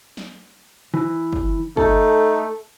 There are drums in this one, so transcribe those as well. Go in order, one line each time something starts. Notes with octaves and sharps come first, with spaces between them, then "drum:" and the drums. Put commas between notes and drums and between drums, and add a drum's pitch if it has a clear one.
drum: snare
E3, drum: rim click
drum: kick
A3 D#4 A4, drum: kick